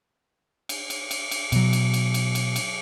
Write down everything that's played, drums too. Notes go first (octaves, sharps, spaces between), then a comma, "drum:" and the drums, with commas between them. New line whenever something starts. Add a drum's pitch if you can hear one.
drum: cymbal
drum: cymbal
drum: cymbal
drum: cymbal
B2 F#3, drum: cymbal
drum: cymbal
drum: cymbal
drum: cymbal
drum: cymbal
drum: cymbal